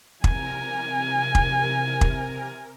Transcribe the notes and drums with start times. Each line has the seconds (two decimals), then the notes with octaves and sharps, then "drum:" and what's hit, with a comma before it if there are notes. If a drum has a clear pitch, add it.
0.24 C3 A#4 G#5, drum: kick
1.35 drum: kick
2.01 drum: kick